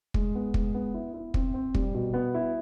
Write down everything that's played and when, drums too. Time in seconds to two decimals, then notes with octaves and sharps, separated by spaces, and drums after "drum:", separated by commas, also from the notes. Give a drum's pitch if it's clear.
0.14 G#3, drum: kick
0.35 B3
0.54 G#3, drum: kick
0.74 B3
0.94 E4
1.14 E4
1.34 C4, drum: kick
1.54 C4
1.75 G3, drum: kick
1.95 B2
2.14 B3
2.34 E4